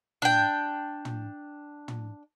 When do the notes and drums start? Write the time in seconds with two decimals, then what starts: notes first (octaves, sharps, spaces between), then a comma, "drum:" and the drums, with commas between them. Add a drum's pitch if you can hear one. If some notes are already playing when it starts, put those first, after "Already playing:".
0.22 D4 G5, drum: tom
1.05 drum: tom
1.88 drum: tom